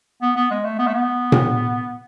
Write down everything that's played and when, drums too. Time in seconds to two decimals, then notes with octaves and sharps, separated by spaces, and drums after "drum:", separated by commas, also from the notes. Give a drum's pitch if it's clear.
0.22 B3
0.36 B3
0.51 G#3
0.65 A3
0.79 B3
0.87 A3
0.94 B3
1.32 drum: tom A#2